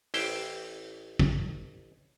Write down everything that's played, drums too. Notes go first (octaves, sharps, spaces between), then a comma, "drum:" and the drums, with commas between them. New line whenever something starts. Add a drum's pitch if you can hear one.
A1 E4 G4 C5 G5, drum: open hi-hat
drum: kick